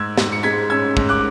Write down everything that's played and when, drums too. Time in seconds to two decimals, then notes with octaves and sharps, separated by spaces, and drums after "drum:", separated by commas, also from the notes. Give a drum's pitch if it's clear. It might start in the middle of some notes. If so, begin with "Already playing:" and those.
Already playing: G#2 E6 G#6
0.18 G#2, drum: snare
0.32 C#7
0.43 G#3 G#6 B6
0.70 C#4 E6 G#6
0.97 G#2, drum: kick
1.09 D6 F#6